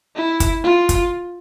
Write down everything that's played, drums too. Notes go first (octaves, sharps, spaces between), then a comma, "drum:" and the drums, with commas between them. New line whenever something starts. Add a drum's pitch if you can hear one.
E4
drum: kick, hi-hat
F4
drum: kick, hi-hat